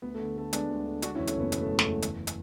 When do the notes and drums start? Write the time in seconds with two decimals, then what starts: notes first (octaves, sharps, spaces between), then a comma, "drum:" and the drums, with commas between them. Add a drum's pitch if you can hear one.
0.02 D2 B3
0.15 A3
0.20 D3
0.35 D2 A3
0.53 G#3 B3 D4, drum: hi-hat
0.69 D2
0.86 D3
1.02 G#3 D4 F#4, drum: hi-hat
1.15 C#4 E4
1.19 E2
1.27 A3 C#4, drum: hi-hat
1.36 F#1 B3
1.52 B2 B3, drum: hi-hat
1.61 A3
1.69 G#3
1.79 A3, drum: snare
1.85 E2
2.02 F#1, drum: hi-hat
2.27 drum: hi-hat